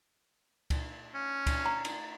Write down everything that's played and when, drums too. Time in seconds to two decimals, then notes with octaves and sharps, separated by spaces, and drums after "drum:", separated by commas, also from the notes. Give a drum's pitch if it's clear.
0.70 drum: kick C#2, cymbal
1.15 C#4
1.47 drum: kick C#2, cymbal
1.66 A#5
1.85 drum: cymbal